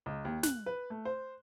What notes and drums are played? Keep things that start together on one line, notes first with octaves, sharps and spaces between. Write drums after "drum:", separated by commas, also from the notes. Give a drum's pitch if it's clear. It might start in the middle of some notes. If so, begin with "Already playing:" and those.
C#2
D#2
F#6, drum: snare
B4
A3
C5